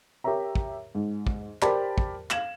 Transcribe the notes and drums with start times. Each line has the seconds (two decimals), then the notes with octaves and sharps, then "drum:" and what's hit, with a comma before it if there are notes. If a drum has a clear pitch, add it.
0.24 G4 A#4 C#5 E5 A#5
0.55 drum: kick
0.95 G#2
1.27 drum: kick
1.62 G4 A#4 C5 D5 A5 B5, drum: clap
1.98 drum: kick
2.30 F5 G#6 E7 F#7, drum: clap